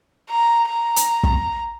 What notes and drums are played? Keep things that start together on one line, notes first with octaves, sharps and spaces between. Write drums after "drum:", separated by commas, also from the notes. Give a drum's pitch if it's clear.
A#5
A#5
drum: hi-hat
drum: kick